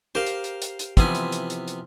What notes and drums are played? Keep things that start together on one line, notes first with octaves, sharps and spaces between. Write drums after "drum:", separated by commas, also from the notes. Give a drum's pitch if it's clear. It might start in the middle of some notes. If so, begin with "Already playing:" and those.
G4 A#4 C5 F5
drum: hi-hat
drum: hi-hat
drum: hi-hat
drum: hi-hat
C3 E3 F3 B3 E4 G#5, drum: kick, hi-hat
drum: hi-hat
drum: hi-hat
drum: hi-hat
drum: hi-hat